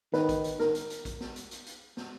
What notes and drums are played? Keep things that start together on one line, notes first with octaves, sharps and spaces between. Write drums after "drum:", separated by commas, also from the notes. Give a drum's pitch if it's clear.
D#3 B4, drum: snare
drum: kick A1, hi-hat
drum: hi-hat
A#4, drum: snare
drum: hi-hat
drum: hi-hat
drum: kick A1, hi-hat
drum: snare
drum: hi-hat
drum: hi-hat
drum: hi-hat
drum: snare